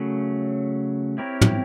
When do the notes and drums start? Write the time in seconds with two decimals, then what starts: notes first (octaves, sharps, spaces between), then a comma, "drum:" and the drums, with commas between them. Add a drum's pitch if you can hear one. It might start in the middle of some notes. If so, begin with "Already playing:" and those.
Already playing: C#3 F#3 A3
1.18 C4 E4 G4 A#4 C#5
1.41 drum: tom